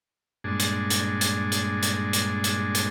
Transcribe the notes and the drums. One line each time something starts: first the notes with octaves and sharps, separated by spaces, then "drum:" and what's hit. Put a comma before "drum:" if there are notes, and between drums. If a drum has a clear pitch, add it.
G2 A#2 G#3 D4 G#4 A5
drum: hi-hat
drum: hi-hat
drum: hi-hat
drum: hi-hat
drum: hi-hat
drum: hi-hat
drum: hi-hat
drum: hi-hat